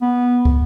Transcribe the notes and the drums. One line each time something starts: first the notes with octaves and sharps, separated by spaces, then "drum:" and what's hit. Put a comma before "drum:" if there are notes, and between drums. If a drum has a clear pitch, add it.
B3
drum: kick